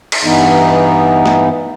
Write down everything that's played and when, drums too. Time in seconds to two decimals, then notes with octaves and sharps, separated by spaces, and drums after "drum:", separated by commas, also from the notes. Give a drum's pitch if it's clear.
0.12 drum: cymbal
0.24 G2 E3 B3 D#4
1.26 drum: snare